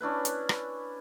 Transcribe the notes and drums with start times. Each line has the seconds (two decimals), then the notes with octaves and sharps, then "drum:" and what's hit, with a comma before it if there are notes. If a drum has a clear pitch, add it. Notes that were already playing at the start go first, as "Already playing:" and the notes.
0.01 C#4 D4 E4 B4
0.25 drum: hi-hat
0.49 drum: rim click